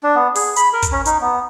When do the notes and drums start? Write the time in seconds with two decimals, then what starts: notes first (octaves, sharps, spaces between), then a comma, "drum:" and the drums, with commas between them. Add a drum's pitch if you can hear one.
0.03 D4
0.15 B3
0.35 G#4, drum: open hi-hat
0.56 B5, drum: hi-hat
0.73 A#4
0.83 drum: kick, hi-hat
0.92 C#4
1.06 D#4, drum: hi-hat
1.21 B3